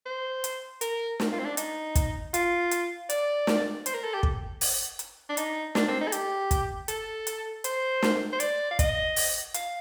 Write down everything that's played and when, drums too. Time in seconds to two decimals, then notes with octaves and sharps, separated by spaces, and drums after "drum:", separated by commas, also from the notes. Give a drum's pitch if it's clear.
0.06 C5
0.44 drum: hi-hat
0.81 A#4, drum: hi-hat
1.20 drum: snare
1.32 F4
1.39 C4
1.45 D4
1.57 D#4, drum: hi-hat
1.95 drum: kick, hi-hat
2.34 F4, drum: hi-hat
2.71 drum: hi-hat
3.09 D5, drum: hi-hat
3.47 drum: snare
3.86 C5, drum: hi-hat
3.94 A#4
4.04 A4
4.14 G4
4.23 drum: kick
4.61 drum: open hi-hat
4.99 drum: hi-hat
5.29 D4
5.37 D#4, drum: hi-hat
5.75 D4, drum: snare
5.88 C4
6.01 D#4
6.08 A4
6.12 G4, drum: hi-hat
6.51 drum: kick, hi-hat
6.88 A4, drum: hi-hat
7.27 drum: hi-hat
7.64 C5, drum: hi-hat
8.02 drum: snare
8.32 C5
8.40 D5, drum: hi-hat
8.71 F5
8.79 D#5, drum: kick, hi-hat
9.16 drum: open hi-hat
9.54 F5, drum: hi-hat